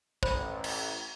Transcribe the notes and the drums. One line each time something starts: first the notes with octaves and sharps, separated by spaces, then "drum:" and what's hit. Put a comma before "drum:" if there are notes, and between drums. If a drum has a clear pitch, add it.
A1 C5 B5, drum: kick
drum: cymbal